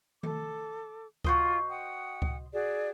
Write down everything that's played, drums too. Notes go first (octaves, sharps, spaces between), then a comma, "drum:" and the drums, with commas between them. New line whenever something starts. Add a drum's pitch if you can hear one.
A4 D6, drum: tom D#3
F4 F#4 C5 D#5, drum: kick C#2
F#5 G5 D#6
drum: kick C#2
F#4 G#4 D5